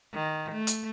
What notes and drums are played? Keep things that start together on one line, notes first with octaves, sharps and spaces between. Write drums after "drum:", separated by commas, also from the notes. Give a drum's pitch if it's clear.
D#3
A3
drum: hi-hat